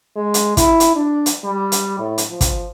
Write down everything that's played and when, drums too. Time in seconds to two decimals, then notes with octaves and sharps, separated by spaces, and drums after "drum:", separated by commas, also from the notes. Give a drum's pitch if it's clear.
0.16 G#3
0.34 drum: hi-hat
0.57 E4, drum: kick, hi-hat
0.80 drum: hi-hat
0.96 D4
1.26 drum: hi-hat
1.45 G3
1.72 drum: hi-hat
1.99 A2
2.18 drum: hi-hat
2.30 F3
2.41 drum: kick, hi-hat